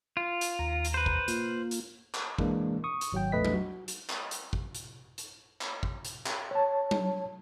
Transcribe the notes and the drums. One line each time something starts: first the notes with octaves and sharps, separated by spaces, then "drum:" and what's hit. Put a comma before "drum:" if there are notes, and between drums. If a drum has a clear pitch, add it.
F4
drum: hi-hat
D#2 A#5
drum: hi-hat
B4 C5
drum: kick
A#3 F4, drum: hi-hat
drum: hi-hat
drum: clap
E3 G#3 A#3 D4, drum: kick
C#6 D#6
drum: hi-hat
G#1 F#3 F#4 G5
A#1 E2 A3 B4 D#5 B6
drum: tom F#3
F#4
drum: hi-hat
drum: clap
drum: hi-hat
drum: kick
drum: hi-hat
drum: hi-hat
drum: clap
drum: kick
drum: hi-hat
drum: clap
C#5 A5
drum: tom F#3